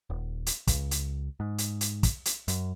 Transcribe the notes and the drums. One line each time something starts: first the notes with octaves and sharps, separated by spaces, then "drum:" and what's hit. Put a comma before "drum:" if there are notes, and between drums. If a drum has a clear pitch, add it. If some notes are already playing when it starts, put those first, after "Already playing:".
D#1
drum: hi-hat
C#2, drum: kick, hi-hat
drum: hi-hat
G#2
drum: hi-hat
drum: hi-hat
drum: kick, hi-hat
drum: hi-hat
F#2, drum: hi-hat